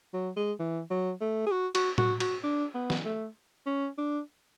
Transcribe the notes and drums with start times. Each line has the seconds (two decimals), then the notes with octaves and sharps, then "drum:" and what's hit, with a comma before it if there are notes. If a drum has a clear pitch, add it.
0.14 F#3
0.36 G#3
0.60 E3
0.91 F#3
1.21 A3
1.47 G#4
1.51 F#4
1.75 F#4, drum: cymbal
1.98 F#4, drum: tom A2
2.20 F#4, drum: cymbal
2.44 D4
2.75 B3
2.90 drum: snare
3.05 A3
3.66 C#4
3.98 D4